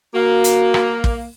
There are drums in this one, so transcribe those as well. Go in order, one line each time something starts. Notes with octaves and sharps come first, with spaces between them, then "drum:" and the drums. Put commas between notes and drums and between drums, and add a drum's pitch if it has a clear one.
A#3 F#4
drum: hi-hat
drum: rim click
drum: kick